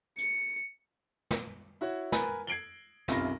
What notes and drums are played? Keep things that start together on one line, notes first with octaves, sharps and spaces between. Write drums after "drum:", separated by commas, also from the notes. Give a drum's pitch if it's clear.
C#7, drum: hi-hat
drum: snare
E4 F#4 C#5
A#4 B4 G#5 B5, drum: snare
G#6 C7 D7 F#7 G7
B1 F#2 C3 F4 B5 A#6, drum: snare